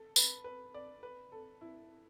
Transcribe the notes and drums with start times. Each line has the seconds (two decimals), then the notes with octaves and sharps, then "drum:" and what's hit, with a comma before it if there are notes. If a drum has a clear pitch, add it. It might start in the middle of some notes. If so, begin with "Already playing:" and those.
Already playing: A4
0.16 B4, drum: tambourine
0.44 B4
0.74 D5
1.03 B4
1.32 A4
1.61 E4